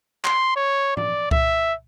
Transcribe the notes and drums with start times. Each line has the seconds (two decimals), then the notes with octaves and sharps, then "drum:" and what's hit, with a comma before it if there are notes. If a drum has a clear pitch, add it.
0.25 C6, drum: clap
0.56 C#5
0.97 D5, drum: tom G#2
1.31 E5, drum: kick C2